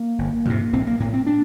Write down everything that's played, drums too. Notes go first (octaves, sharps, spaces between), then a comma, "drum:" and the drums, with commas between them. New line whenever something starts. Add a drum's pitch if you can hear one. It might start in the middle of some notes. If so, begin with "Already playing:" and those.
Already playing: A#3
G1
F2 C3, drum: tom
A#1 C4
A#3
A2 A#3
C4
D4